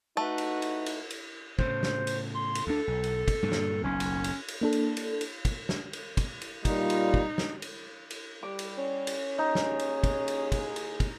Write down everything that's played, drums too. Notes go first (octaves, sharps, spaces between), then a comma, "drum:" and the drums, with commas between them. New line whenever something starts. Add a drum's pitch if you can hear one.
A3 D#4 F#4 B4
drum: cymbal
drum: cymbal
drum: cymbal
drum: cymbal
A2 C#3 C5, drum: kick
drum: snare
drum: cymbal
C6
drum: cymbal
D2 D4 A4
B1
drum: cymbal
drum: kick, cymbal
G2 A#2 D3
drum: snare
F#1 B1 C#4
drum: cymbal
drum: cymbal
drum: cymbal
A#3 D4 A4
drum: cymbal
drum: cymbal
drum: cymbal
drum: kick, cymbal
drum: snare
drum: cymbal
drum: kick, cymbal
drum: cymbal
A#2 G3 D#4 F4, drum: kick, cymbal
drum: cymbal
drum: kick
drum: snare
drum: cymbal
drum: cymbal
G3 D6
drum: cymbal
C#4
drum: cymbal
D#2 D#4 G#4
drum: snare
drum: cymbal
drum: kick, cymbal
drum: cymbal
drum: kick, cymbal
drum: cymbal
drum: kick, cymbal